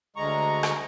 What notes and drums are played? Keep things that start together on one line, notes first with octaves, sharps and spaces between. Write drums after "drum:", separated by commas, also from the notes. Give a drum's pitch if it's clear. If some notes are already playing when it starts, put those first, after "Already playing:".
D2 G#3 A#5 C#6
drum: rim click